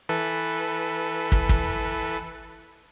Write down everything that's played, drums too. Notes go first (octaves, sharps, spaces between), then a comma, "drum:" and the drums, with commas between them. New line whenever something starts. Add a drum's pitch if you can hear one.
E3 A4 B4
drum: kick
drum: kick